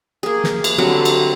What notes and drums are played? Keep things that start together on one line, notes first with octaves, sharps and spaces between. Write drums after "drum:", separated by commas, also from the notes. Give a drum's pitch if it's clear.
A#3 G#4
drum: snare
drum: cymbal
D3 F#3 G3 C4
drum: cymbal